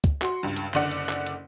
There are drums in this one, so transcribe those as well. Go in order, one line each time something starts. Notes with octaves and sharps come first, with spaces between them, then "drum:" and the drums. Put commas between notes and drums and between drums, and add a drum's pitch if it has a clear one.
drum: kick, hi-hat
F#4 C6, drum: clap
C#2 G2
drum: hi-hat
F#1 D3 D5 F#5, drum: clap
drum: hi-hat
drum: clap
drum: hi-hat